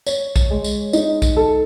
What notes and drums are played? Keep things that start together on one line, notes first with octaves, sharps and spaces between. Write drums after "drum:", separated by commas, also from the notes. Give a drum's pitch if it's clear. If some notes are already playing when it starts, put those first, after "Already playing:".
C#5, drum: tambourine
drum: kick B1, tambourine
G#3
drum: tambourine
D#4, drum: tambourine
drum: kick B1, tambourine
A4